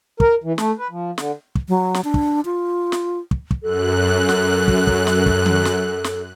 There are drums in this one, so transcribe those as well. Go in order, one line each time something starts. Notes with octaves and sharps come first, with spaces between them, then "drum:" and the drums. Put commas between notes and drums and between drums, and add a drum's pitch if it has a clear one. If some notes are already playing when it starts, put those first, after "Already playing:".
A#4, drum: kick
E3
A3, drum: snare
B4
F3
D3, drum: snare
drum: kick
F#3
drum: snare
D4
drum: kick
F4
drum: snare
drum: kick
drum: kick
F#2 A4 F#6
drum: snare
drum: kick
drum: kick
drum: snare
drum: kick
drum: tom D#3
drum: snare
drum: snare